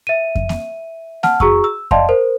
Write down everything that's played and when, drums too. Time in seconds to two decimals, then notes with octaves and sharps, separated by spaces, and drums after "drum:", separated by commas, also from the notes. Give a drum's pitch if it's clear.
0.07 E5 D#7
0.36 drum: kick F2
0.49 drum: snare A#3
1.23 F#5 A5 F6, drum: snare A#3
1.40 F#4 G#4 A#5 C#6 E6, drum: kick F2
1.64 E6
1.91 D5 D#5 F5 G5 A5 C6, drum: kick F2
2.09 A#4 C5